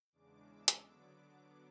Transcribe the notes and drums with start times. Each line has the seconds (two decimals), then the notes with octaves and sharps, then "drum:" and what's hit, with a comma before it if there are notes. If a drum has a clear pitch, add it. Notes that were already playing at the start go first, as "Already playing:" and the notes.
0.12 E2 C#3 G#3 D4 D6
0.46 E6
0.68 drum: hi-hat
0.80 D3 F#3 B3 D4 D6